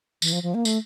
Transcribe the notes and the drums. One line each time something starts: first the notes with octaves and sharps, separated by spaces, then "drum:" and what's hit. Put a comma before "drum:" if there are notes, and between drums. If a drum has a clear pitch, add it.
E3, drum: tambourine
F3
F3
A#3
A3, drum: tambourine